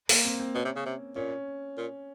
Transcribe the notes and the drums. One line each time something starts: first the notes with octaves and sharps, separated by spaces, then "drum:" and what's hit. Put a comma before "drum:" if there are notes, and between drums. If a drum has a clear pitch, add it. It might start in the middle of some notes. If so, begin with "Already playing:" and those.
A#3, drum: open hi-hat
C4
C4
B2 C#4
C3
C#3
C3
A#2 C#4
A#2